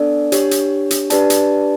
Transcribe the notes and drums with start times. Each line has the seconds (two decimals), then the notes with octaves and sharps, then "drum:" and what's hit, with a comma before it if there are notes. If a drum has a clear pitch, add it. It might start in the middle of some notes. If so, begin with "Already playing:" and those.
Already playing: B3 D4 A4 D5
0.32 D4 G4 C#5, drum: hi-hat
0.51 drum: hi-hat
0.91 drum: hi-hat
1.10 D4 G4 B4 D5 A5, drum: hi-hat
1.30 drum: hi-hat